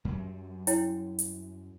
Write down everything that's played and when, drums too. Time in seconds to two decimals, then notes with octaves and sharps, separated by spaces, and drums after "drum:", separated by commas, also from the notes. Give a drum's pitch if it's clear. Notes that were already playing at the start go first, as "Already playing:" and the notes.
0.05 F#2 F#3 G3
0.67 E4 C#5 G5, drum: hi-hat
1.19 drum: hi-hat